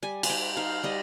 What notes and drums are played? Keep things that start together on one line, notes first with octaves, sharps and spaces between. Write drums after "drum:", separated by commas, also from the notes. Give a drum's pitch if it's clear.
G3 G#5
G#5, drum: cymbal
D#4 G5
D#4 F5
G3 D#5